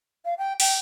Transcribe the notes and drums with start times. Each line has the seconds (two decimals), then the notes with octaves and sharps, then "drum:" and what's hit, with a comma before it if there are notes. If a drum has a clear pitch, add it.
0.25 F5
0.38 G5
0.60 G5, drum: open hi-hat